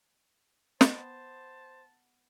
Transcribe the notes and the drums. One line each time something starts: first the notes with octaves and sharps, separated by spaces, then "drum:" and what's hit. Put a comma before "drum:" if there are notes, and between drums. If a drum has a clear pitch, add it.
B3 C5 G5 A5, drum: snare